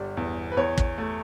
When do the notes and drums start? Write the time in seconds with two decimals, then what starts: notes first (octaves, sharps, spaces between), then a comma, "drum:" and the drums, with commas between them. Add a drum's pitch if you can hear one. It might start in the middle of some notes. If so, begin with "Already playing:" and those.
Already playing: G1 G3 D5
0.17 E2
0.52 B4
0.57 E2 C#5
0.78 drum: kick
0.98 A3